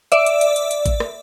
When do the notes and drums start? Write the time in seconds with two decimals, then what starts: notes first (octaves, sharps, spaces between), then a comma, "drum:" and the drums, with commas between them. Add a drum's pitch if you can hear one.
0.12 D5 E5, drum: hi-hat
0.26 drum: hi-hat
0.41 drum: hi-hat
0.56 drum: hi-hat
0.71 drum: hi-hat
0.86 drum: kick A1, hi-hat
1.00 drum: rim click